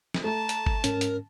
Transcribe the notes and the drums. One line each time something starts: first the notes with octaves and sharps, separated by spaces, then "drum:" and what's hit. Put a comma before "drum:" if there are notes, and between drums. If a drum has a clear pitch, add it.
drum: snare
A3 A5 A#5
drum: hi-hat
drum: kick G1
G#2 C#4 A#4, drum: hi-hat
drum: hi-hat